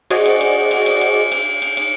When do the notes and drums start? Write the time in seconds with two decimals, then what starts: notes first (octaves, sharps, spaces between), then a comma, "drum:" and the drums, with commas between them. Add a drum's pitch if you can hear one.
0.10 F#4 G#4 C5 D5 D#5, drum: cymbal
0.26 drum: cymbal
0.41 drum: cymbal
0.71 drum: cymbal
0.86 drum: cymbal
1.01 drum: cymbal
1.32 drum: cymbal
1.62 drum: cymbal
1.77 drum: cymbal